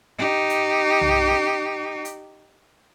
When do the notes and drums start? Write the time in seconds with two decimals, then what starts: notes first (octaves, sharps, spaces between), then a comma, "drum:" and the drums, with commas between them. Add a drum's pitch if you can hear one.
0.19 D#4 G4
0.49 drum: hi-hat
1.01 drum: tom B1
1.31 drum: snare C#4
2.05 drum: hi-hat